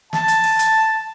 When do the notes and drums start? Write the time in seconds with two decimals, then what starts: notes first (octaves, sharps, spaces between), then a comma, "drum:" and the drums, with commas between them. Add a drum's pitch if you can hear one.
0.13 A5, drum: snare
0.28 drum: hi-hat
0.44 drum: open hi-hat
0.59 drum: hi-hat